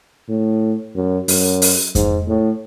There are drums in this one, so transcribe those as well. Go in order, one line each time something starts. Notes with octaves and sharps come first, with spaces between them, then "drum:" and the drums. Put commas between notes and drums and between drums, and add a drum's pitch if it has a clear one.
A2
F#2
F#2, drum: open hi-hat
drum: open hi-hat
G#2, drum: kick F2, hi-hat
A2